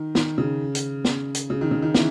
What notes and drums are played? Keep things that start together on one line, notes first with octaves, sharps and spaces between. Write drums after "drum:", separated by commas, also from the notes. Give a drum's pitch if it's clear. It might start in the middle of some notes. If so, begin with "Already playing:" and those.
Already playing: D#3
D#3, drum: snare
C#3
drum: hi-hat
drum: snare
drum: hi-hat
C#3
D#3
C#3
D#3
E3, drum: snare